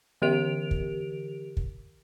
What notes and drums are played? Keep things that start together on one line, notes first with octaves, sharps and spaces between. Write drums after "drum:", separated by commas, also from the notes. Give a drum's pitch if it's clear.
D3 E3 G4 A#4 D7 F7
drum: kick
drum: kick